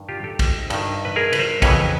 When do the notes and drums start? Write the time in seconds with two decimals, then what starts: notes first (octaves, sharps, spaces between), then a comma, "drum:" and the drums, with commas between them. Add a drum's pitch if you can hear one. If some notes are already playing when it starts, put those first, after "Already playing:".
Already playing: G2 D#3
0.09 F4 G4
0.24 G4 A4
0.39 drum: kick A#1, cymbal
0.70 G2 D#3, drum: cymbal
1.05 B4
1.16 G#4 A#4
1.32 B4, drum: cymbal
1.39 A#4 C5
1.62 F2 C#3 E3 B4 C#5, drum: kick A#1, cymbal